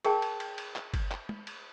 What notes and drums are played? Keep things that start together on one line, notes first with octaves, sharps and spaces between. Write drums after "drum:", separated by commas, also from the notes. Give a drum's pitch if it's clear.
G#4 A#4 G5 A5, drum: cymbal
drum: cymbal
drum: cymbal
drum: cymbal
drum: clap
drum: kick G1, cymbal
drum: clap
drum: tom
drum: cymbal